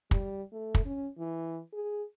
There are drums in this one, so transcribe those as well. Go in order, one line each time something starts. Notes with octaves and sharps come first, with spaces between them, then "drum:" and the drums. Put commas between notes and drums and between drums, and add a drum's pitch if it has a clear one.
G3, drum: kick
A3
drum: kick
C#4
E3
G#4